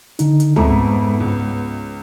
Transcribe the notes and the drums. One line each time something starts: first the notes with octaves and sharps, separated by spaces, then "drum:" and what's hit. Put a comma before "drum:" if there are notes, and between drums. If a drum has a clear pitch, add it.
D3 D#4, drum: hi-hat
drum: hi-hat
F2 G#2 G#3 A3 B3 A#5 D6, drum: tom C#2
C#2